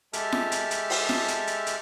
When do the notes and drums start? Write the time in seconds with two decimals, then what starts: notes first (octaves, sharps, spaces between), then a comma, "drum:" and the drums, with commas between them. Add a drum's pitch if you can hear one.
0.13 G#3 G4 A4 E5 A5 F6, drum: hi-hat
0.32 drum: snare F4
0.52 drum: hi-hat
0.71 drum: hi-hat
0.90 drum: open hi-hat
1.09 drum: snare F4
1.28 drum: hi-hat
1.47 drum: hi-hat
1.67 drum: hi-hat